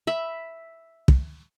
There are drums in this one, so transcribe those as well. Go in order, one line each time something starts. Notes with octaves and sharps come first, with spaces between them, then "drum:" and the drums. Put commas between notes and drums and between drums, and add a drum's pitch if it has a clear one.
E5 B5
drum: kick